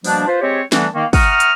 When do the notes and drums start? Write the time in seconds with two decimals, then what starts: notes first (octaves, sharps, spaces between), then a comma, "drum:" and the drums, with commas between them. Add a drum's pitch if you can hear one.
0.04 B2 F3 G3 A#3 D4, drum: open hi-hat
0.27 F4 B4 C5
0.41 G#3 C4 G4 C5 C#5
0.72 D3 E3 G3 A3 B3 D4, drum: snare
0.94 D#3 A#3
1.13 E5 F#5 A#5 C#6 D#6 F6, drum: kick, open hi-hat
1.40 drum: hi-hat